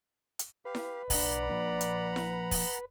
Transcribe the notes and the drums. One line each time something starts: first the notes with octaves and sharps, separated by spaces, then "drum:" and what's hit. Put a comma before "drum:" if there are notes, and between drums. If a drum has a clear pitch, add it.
drum: hi-hat
G4 B4 F5
drum: snare E4
B1 D4 D5 F#5 A#5 B5, drum: kick, open hi-hat
F3 A#3 D4
drum: hi-hat
drum: snare E4
drum: kick, open hi-hat